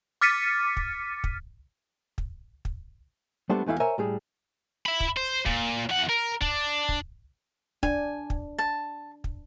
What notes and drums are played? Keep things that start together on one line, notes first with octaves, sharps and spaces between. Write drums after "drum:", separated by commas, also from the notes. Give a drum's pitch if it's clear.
D6 F6 A6 B6 C#7 D#7
drum: kick
drum: kick
drum: kick
drum: kick
G3 A3 B3 D4 C5
E2 E3 A3 E4 F5
A#4 C5 C#5 E5 G#5 A#5
A2 G3 G#4
E5 B5
drum: kick
C5
A#2, drum: kick
E2 F#5
A#4
D4, drum: kick
drum: kick
D4 G#5, drum: kick
drum: kick
A5
drum: kick